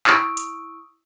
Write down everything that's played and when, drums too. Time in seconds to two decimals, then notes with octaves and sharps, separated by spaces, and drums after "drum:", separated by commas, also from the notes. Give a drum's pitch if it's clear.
0.07 E4 C#6 D#6 E6 D7, drum: clap
0.37 drum: hi-hat